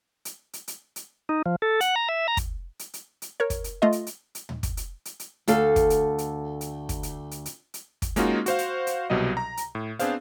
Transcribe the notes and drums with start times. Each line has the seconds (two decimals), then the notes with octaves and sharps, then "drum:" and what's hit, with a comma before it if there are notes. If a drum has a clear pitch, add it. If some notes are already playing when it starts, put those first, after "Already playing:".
0.25 drum: hi-hat
0.53 drum: hi-hat
0.68 drum: hi-hat
0.96 drum: hi-hat
1.29 D#4
1.46 F3
1.62 A4
1.81 F#5, drum: hi-hat
1.96 A#5
2.08 E5
2.28 A#5
2.37 drum: kick, hi-hat
2.79 drum: hi-hat
2.94 drum: hi-hat
3.22 drum: hi-hat
3.40 A#4 C#5
3.50 drum: kick, hi-hat
3.64 drum: hi-hat
3.82 A3 F4 D#5
3.92 drum: hi-hat
4.07 drum: hi-hat
4.35 drum: hi-hat
4.49 drum: tom
4.63 drum: kick, hi-hat
4.77 drum: hi-hat
5.05 drum: hi-hat
5.20 drum: hi-hat
5.48 D2 A4 F5, drum: hi-hat
5.76 drum: kick, hi-hat
5.90 drum: hi-hat
6.18 drum: hi-hat
6.61 drum: hi-hat
6.89 drum: kick, hi-hat
7.03 drum: hi-hat
7.31 drum: hi-hat
7.46 drum: hi-hat
7.74 drum: hi-hat
8.02 drum: kick, hi-hat
8.16 G#3 A#3 C#4 D#4 F4 F#4, drum: hi-hat
8.46 F#4 C5 F5, drum: hi-hat
8.58 drum: hi-hat
8.87 drum: hi-hat
9.10 C2 B2 F#3 G3 D#5
9.37 A#5
9.57 drum: hi-hat
9.75 A2
9.99 B3 C4 D4 G#4 C5 F5, drum: hi-hat